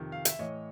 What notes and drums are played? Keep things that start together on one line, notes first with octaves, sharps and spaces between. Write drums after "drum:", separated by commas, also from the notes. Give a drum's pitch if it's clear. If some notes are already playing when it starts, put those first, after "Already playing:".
Already playing: F2 C3 D#3
F5
E5, drum: hi-hat
A2 E3 C#5 D#5